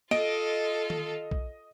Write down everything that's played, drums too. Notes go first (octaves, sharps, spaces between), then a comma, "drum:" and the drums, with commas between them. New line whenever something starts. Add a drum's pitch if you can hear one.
F4 A4 D#5 D7, drum: snare
drum: tom D#3
drum: kick